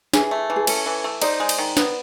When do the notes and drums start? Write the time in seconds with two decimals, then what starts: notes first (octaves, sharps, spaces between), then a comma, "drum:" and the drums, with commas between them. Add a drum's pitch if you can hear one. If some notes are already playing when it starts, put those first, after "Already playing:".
0.14 E3 G#4, drum: snare
0.31 A3
0.50 E3
0.56 G#4
0.67 C#4 A4, drum: cymbal
0.86 E3
1.04 A3
1.22 D#4 C5 D5, drum: cymbal
1.40 G#3
1.49 drum: cymbal
1.58 D#3
1.77 B3, drum: snare